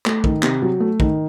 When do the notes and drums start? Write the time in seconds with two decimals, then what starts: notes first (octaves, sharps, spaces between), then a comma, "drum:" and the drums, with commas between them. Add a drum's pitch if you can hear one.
0.06 A3, drum: clap
0.24 D#3, drum: kick
0.43 C3, drum: clap
0.62 F#3
0.80 A3
1.00 D#3, drum: kick